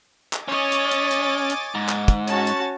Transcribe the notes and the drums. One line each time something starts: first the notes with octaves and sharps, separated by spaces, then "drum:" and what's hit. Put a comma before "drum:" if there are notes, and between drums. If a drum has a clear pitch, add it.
drum: clap
C#4 C#5 D#5 G#5 D6 A6
drum: hi-hat
drum: hi-hat
drum: hi-hat
drum: hi-hat
G#2
drum: clap
drum: kick, hi-hat
C#4 F#4 A5 A6, drum: hi-hat
drum: hi-hat